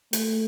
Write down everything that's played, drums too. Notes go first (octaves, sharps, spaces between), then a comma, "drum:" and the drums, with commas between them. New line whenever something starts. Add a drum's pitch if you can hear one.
A3, drum: hi-hat